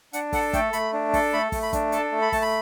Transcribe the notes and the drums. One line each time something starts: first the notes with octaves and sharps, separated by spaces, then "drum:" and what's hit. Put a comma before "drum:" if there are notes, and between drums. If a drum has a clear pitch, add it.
D4 F#5, drum: hi-hat
A4 F#5, drum: kick, open hi-hat
A3 G5, drum: kick, hi-hat
A3 B5, drum: hi-hat
D4
A4, drum: kick, open hi-hat
A3 B5
A3, drum: kick, open hi-hat
B5
D4, drum: kick, hi-hat
A4 A5, drum: hi-hat
A3
B5
A3 A5, drum: kick, open hi-hat
B5